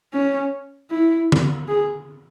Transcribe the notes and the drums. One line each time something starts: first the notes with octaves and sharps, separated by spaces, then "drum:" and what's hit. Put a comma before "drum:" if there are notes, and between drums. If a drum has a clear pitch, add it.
C#4
E4
drum: tom D3
G#4